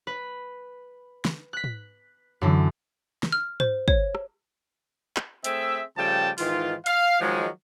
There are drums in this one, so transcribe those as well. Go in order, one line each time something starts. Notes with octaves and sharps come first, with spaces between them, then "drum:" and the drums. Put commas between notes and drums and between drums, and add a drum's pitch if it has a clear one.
B4
drum: snare
F#6 B6
drum: tom
F#2 D3 E3
drum: snare
F6
C5, drum: tom
C#5, drum: kick
drum: rim click
drum: clap
A3 C4 G#4 E5, drum: hi-hat
C#3 F3 G3 A3 G5 A5
G#2 D#3 E3 F4, drum: open hi-hat
F5, drum: hi-hat
D#3 F3 F#3 G#3